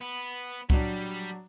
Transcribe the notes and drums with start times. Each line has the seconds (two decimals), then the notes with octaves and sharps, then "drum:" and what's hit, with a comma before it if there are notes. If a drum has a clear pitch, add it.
0.01 B3
0.70 F#3 G3 D4, drum: kick C2